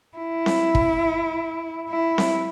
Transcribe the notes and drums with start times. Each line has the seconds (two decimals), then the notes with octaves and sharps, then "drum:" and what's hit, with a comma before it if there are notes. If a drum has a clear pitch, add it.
0.18 E4
0.46 drum: snare C4
0.75 drum: kick
1.89 E4
2.18 drum: snare C4